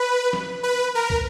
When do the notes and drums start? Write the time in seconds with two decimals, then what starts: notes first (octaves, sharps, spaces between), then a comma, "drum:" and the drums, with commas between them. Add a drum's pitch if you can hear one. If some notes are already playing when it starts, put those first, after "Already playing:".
Already playing: B4
0.33 drum: snare
0.63 B4
0.95 A#4
1.10 drum: kick